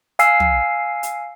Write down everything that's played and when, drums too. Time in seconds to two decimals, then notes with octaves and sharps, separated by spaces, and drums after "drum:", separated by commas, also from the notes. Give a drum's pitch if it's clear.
0.19 F5 G#5 E6 C7, drum: hi-hat
0.40 drum: tom
1.03 drum: hi-hat